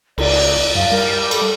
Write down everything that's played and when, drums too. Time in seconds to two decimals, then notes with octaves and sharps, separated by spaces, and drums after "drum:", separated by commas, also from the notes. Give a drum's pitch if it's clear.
0.18 C#2 D5, drum: cymbal
0.75 F#2 F5
0.92 G3 A#4
1.31 A4, drum: cymbal